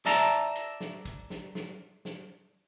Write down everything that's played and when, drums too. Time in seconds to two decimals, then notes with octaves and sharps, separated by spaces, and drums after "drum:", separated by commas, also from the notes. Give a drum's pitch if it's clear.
0.06 D5 E5 A5 A#5, drum: snare
0.56 drum: hi-hat
0.80 drum: snare
1.05 drum: kick, hi-hat
1.30 drum: snare
1.55 drum: snare
2.05 drum: snare